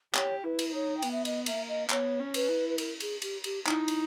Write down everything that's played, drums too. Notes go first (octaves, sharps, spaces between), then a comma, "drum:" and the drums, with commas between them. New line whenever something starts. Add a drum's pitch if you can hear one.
G4 C#5, drum: clap
E4 B4
drum: cymbal
B4
D#4 C#5
G5
B3, drum: cymbal
E5
D#5, drum: cymbal
A#3 E5, drum: cymbal
D#5
B3 C#5, drum: clap
C#4
B4, drum: cymbal
E4
B4
A#4, drum: cymbal
G#4, drum: cymbal
G4, drum: cymbal
G4, drum: cymbal
D#4 E4, drum: clap
drum: cymbal